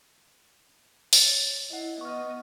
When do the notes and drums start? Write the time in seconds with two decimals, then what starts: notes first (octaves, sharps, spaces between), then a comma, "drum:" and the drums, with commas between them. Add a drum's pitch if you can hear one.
1.13 C#5 A6, drum: open hi-hat
1.70 E4 D#5 F#5
2.01 B3 D#5 C#6 F6